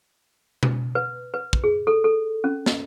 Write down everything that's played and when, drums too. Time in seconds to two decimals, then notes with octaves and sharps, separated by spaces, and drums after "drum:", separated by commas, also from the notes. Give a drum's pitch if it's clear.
0.63 drum: tom B2
0.95 B4
1.34 B4
1.53 drum: kick
1.64 G#4
1.87 A4
2.04 A4
2.44 C#4
2.66 D#5, drum: snare